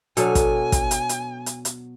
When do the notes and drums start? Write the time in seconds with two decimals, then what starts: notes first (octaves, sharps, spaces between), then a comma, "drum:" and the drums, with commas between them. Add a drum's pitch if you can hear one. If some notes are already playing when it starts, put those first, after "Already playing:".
0.17 B2 F#3 D4 A4 G#5, drum: hi-hat
0.35 drum: kick, hi-hat
0.72 drum: kick, hi-hat
0.91 drum: hi-hat
1.09 drum: hi-hat
1.46 drum: hi-hat
1.65 drum: hi-hat